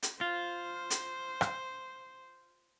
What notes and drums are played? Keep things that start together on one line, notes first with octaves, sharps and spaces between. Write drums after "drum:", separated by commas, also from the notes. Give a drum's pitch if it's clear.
drum: hi-hat
F4 C5
drum: hi-hat
drum: rim click